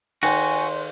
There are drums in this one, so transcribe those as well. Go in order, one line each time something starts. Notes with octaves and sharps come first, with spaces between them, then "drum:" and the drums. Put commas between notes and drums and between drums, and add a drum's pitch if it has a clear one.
D#3 F#4 C#5 G#5 C6, drum: cymbal